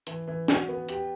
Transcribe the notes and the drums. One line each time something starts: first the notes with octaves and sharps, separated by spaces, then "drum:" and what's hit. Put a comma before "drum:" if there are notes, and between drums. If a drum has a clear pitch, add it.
E3, drum: hi-hat
E3
F#4, drum: snare
B3
G4, drum: hi-hat